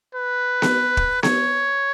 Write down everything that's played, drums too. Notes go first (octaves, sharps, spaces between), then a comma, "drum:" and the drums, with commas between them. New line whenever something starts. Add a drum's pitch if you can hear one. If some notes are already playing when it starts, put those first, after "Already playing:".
B4
drum: snare B3
drum: kick
C#5, drum: snare B3